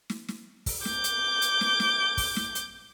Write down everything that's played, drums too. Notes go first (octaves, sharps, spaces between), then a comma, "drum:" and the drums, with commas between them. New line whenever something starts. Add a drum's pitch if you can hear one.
drum: snare
drum: snare
drum: kick, open hi-hat
D6 G6, drum: snare
drum: hi-hat
drum: hi-hat
drum: snare
drum: snare
drum: kick, open hi-hat
drum: snare
drum: hi-hat